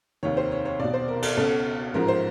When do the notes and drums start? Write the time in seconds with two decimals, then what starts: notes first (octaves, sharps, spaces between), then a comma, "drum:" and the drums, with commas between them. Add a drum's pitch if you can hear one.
0.23 F1 D#2 D#3 C#5
0.37 C5
0.51 C#5
0.65 C#5
0.80 B1 B2 D5
0.94 C5
1.08 A#4
1.22 A4, drum: cymbal
1.37 C#2 B2 A4
1.94 A1 G#2 F3 A#4
2.08 C5